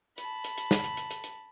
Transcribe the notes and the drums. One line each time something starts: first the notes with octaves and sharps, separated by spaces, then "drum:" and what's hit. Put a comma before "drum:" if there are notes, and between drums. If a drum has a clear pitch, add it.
A5 B5, drum: hi-hat
drum: hi-hat
drum: hi-hat
drum: snare
drum: hi-hat
drum: hi-hat
drum: hi-hat
drum: hi-hat